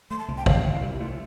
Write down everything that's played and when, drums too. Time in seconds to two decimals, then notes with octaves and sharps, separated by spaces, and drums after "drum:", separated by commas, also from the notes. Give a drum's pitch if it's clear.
0.11 A3 C6
0.19 A5
0.28 C2
0.38 G5
0.46 C2 F5, drum: kick
0.64 C2
0.82 C2 G4
0.92 E4
1.00 A3 F4